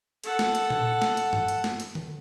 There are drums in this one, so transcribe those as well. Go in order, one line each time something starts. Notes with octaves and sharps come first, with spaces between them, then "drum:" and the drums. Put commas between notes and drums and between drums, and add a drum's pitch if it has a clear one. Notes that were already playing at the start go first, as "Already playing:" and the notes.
A4 F#5, drum: hi-hat
drum: snare
drum: hi-hat
drum: tom A#2
drum: snare
drum: hi-hat
drum: tom G2
drum: hi-hat
drum: snare
drum: hi-hat
drum: tom D3